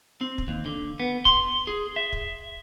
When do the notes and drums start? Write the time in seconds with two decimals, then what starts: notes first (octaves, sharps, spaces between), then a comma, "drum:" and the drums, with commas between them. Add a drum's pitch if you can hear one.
0.21 C4
0.38 drum: kick
0.48 D#2
0.66 D3
1.00 B3
1.25 C6, drum: kick
1.67 G#4
1.96 E5
2.13 drum: kick